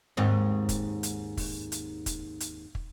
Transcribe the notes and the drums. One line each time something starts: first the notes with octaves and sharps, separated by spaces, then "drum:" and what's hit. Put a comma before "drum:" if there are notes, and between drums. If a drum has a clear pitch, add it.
D#2 G#2 C4
drum: kick, hi-hat
drum: hi-hat
drum: kick, open hi-hat
drum: hi-hat
drum: kick, hi-hat
drum: hi-hat
drum: kick